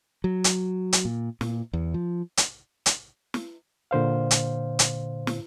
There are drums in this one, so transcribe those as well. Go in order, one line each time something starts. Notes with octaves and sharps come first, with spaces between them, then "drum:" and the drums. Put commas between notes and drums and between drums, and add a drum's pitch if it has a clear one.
F#3
drum: hi-hat
drum: hi-hat
A#2
A#2, drum: snare
E2
F3
drum: hi-hat
drum: hi-hat
drum: snare
A#2 D3 C5 F5
drum: hi-hat
drum: hi-hat
drum: snare